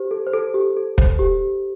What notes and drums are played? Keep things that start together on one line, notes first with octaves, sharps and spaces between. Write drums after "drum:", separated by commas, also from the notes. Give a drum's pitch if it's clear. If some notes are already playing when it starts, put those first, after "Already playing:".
Already playing: G4 C5
A4
C5
A4
G4
A4
C5, drum: kick
G4